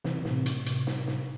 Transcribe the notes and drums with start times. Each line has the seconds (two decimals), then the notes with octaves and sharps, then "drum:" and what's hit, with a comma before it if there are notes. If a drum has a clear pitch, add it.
0.04 C3 E3, drum: snare
0.19 B2
0.25 A2 C3, drum: snare
0.46 drum: hi-hat
0.66 drum: hi-hat
0.87 drum: snare
1.07 drum: snare